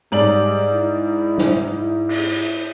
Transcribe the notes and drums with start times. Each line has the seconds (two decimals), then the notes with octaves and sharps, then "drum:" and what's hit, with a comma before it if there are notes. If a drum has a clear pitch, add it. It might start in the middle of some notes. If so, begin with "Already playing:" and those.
0.12 G#2 G3 D5 F#7
0.73 E4
1.38 drum: snare
1.72 E4
2.09 drum: cymbal
2.41 drum: open hi-hat